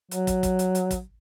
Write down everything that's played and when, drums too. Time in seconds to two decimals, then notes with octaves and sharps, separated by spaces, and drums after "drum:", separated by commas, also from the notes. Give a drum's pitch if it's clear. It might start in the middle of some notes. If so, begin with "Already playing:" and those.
0.11 F#3, drum: hi-hat
0.27 drum: kick, hi-hat
0.43 drum: kick, hi-hat
0.59 drum: hi-hat
0.75 drum: hi-hat
0.91 drum: kick, hi-hat